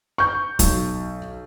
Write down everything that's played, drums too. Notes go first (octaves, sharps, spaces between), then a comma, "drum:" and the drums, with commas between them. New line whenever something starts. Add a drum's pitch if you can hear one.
C#6 G6
B1, drum: kick, hi-hat